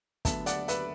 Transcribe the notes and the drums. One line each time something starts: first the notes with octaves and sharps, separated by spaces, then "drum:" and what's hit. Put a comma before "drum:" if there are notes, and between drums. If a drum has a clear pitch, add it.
D2 D3 F#3 B3 E5 A5, drum: kick, hi-hat
D5 F#5, drum: hi-hat
B4 E5, drum: hi-hat